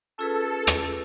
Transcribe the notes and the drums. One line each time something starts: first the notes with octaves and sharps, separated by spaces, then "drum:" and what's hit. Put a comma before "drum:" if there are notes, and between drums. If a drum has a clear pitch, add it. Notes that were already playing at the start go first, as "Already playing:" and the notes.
C#4 F4 G#4 A4 B4
drum: rim click